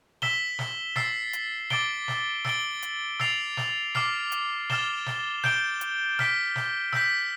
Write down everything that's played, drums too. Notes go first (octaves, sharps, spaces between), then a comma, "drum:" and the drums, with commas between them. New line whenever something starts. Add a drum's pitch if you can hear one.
E6 B6 E7 G7, drum: snare
drum: snare
E6 A6 C7, drum: snare
drum: hi-hat
D6 A6 D7 G7, drum: snare
drum: snare
E6 A6 D7 G7, drum: snare
drum: hi-hat
E6 A6 C7 F7, drum: snare
drum: snare
D6 F6 C7, drum: snare
drum: hi-hat
F6 A6 E7 G7, drum: snare
drum: snare
G6 D7 G7, drum: snare
drum: hi-hat
F6 B6 D7, drum: snare
drum: snare
E6 G6 B6, drum: snare